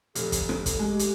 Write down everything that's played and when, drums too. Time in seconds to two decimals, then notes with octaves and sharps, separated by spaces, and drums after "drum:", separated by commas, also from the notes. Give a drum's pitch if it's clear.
0.15 F1 A4, drum: hi-hat
0.32 drum: kick, hi-hat
0.49 drum: rim click
0.66 drum: kick, hi-hat
0.79 G#3 G4
0.99 drum: hi-hat